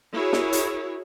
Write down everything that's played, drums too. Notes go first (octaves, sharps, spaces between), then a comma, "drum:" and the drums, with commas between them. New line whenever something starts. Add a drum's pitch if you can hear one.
E4 F#4 G#4 A#4 C#5
drum: snare
drum: hi-hat